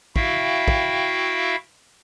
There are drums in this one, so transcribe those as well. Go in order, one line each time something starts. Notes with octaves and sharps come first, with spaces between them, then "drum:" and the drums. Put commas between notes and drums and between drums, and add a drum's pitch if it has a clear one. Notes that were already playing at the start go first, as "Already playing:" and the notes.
E4 F#4 E5 F5 G5, drum: kick
drum: kick